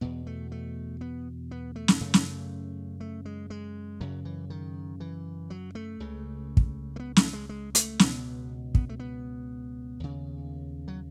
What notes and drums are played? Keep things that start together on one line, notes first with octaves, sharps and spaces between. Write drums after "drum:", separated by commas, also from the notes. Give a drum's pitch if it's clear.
E2 B2 B3
A3
A3
B3
B3
A3
drum: snare
F#2 C#3 A3
drum: snare
A3
G#3
G#3
F#2 C#3 F#3
E3
D#3
E3
F#3
A3
C#2 C#3
drum: kick
A3
B3
A3, drum: snare
G#3
G#3
A3, drum: hi-hat
C#2 B2 B3, drum: snare
B3, drum: kick
A3
B3
D#2 C#3
F#3